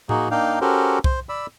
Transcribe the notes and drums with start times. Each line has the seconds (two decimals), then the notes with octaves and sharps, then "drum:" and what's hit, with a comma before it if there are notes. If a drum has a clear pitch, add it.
0.09 A#3 D#4 F#4 G#4, drum: tom A2
0.31 A#3 D4 D#4 F5 G5
0.61 C#4 F#4 G4 A4 A#4 C5
1.04 C5, drum: kick C2
1.29 D5 B5 E6